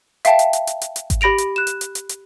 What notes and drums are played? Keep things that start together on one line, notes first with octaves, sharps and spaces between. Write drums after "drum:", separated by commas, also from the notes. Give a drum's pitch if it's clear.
E5 F5 G5 A5, drum: hi-hat
drum: hi-hat
drum: hi-hat
drum: hi-hat
drum: hi-hat
drum: hi-hat
drum: kick G#1, hi-hat
G4 B5 A#6 D7 F7
drum: hi-hat
F#6 E7
drum: hi-hat
drum: hi-hat
drum: hi-hat
drum: hi-hat